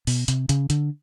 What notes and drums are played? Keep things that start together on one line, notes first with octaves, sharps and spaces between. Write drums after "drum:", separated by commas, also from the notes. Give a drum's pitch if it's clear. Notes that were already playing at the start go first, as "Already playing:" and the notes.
B2, drum: open hi-hat
C3, drum: hi-hat
C#3, drum: hi-hat
D3, drum: hi-hat